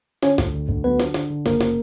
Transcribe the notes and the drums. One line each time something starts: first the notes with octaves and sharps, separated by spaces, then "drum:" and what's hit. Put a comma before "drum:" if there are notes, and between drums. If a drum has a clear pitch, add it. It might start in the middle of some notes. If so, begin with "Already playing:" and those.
D3 C#4 C#5, drum: snare
D2, drum: snare
D3
D2
F#3 B3 B4
D3, drum: snare
D3, drum: snare
D3
F#1 A#3 A#4, drum: snare
C#3, drum: snare